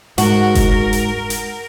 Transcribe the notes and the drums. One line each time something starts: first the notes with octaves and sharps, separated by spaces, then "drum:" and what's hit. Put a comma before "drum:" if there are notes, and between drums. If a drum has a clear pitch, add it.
G#2 F#4 A#4, drum: hi-hat
drum: kick F#1, hi-hat
drum: hi-hat
drum: hi-hat